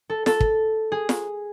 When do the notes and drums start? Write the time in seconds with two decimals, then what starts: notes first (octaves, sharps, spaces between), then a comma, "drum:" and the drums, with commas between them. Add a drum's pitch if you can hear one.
0.10 A4
0.26 A4, drum: snare
0.40 drum: kick
0.92 G#4
1.09 drum: snare